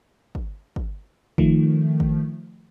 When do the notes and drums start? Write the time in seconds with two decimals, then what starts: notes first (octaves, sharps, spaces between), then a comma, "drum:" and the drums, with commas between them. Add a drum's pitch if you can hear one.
0.35 drum: kick
0.76 drum: kick
1.38 D#3 F3 A3, drum: kick
2.00 drum: kick